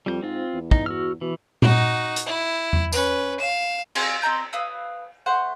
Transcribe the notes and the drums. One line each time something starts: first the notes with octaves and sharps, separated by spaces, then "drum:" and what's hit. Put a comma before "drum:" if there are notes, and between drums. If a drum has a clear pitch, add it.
F2 G3 G6
G#2 C4 F4
E2
D#4, drum: kick
F#4 E6 F6
B2 E3
D#4 F#4, drum: tom A#2
drum: hi-hat
E4
drum: tom E2
C#4 B4, drum: tambourine
F5 E7
C4 F4 F#4 G#4, drum: cymbal
C4 D#5 A#5 G6
B4 F5 D#6 E6
A3 C5 F#5